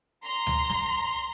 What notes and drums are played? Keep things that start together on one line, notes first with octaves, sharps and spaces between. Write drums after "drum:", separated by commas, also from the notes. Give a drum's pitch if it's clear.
A#5 C6
drum: tom C#2
drum: snare